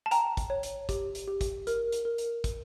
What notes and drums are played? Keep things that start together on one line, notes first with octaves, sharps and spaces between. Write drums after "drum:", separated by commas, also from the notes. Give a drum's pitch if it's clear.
A5
G5 A#5, drum: hi-hat
drum: kick, hi-hat
C#5
drum: hi-hat
G4, drum: kick, hi-hat
drum: hi-hat
G4
drum: kick, hi-hat
A#4, drum: hi-hat
drum: hi-hat
A#4
drum: hi-hat
drum: kick, hi-hat